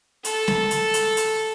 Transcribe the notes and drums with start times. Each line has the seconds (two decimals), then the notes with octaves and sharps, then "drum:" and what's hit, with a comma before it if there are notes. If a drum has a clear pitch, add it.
0.25 A4, drum: hi-hat
0.48 drum: snare
0.71 drum: hi-hat
0.94 drum: hi-hat
1.17 drum: hi-hat